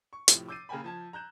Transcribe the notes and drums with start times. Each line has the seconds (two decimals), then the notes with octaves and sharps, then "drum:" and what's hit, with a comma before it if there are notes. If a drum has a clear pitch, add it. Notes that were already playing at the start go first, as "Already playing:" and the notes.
0.13 C#6
0.28 A2 C3 F3, drum: hi-hat
0.48 D6 E6 G6 A6 C7 D#7
0.69 C#3 A#3 A#4 G5 G#5 B5
0.84 F3 A5 G#6
1.13 A#5 F#6 G6 E7